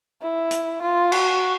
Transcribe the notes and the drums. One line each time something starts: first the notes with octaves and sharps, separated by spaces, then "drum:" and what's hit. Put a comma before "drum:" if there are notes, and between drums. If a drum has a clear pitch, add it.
E4
drum: hi-hat
F4
F#4, drum: cymbal